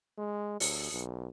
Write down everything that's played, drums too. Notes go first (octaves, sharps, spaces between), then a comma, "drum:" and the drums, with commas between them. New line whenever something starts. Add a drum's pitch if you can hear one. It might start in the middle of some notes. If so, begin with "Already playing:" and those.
G#3
D2, drum: open hi-hat
B1